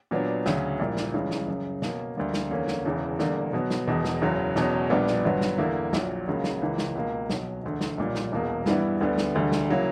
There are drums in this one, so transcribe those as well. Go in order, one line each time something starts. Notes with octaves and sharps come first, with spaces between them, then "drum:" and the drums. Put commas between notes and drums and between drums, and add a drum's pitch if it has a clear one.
A#2 F#3 B3 D4
D2 C#3 F#3 C#4, drum: snare
A#1 A#2 G3 A#3 E4
drum: snare
C#2 C#3 E3 G3
drum: snare
F#1 F#2 C#3
B2 A#3 C#4, drum: snare
D2 D3 G3 A#3
drum: snare
E2 D3 A#3 C#4
drum: snare
E1 E2 C#3 E3
E1 E2 D3 G3 A#3, drum: snare
B2 F#3 B3
drum: snare
E1 E2 B2
drum: snare
F#1 E2 C#3 F#3
E1 E2 B2 F#3 C#4, drum: snare
A#1 A#2 G3 B3 D4
drum: snare
G1 G2 F#3 B3
drum: snare
E2 D3 A#3 E4
A#1 A#2 F#3, drum: snare
C#2 C#3 F#3 A#3
drum: snare
C#2 C#3 E3 A#3
drum: snare
C#2 B2 A#3
B1 B2 F#3, drum: snare
E1 D2 D3
drum: snare
B1 A#2 G3 A#3
drum: snare
E1 E2 B2 A#3
G2 E3 G3 B3 E4, drum: snare
D2 D3 G3 B3
drum: snare
E1 D2 D3 G3
drum: snare
C#3 F#3 A#3 E4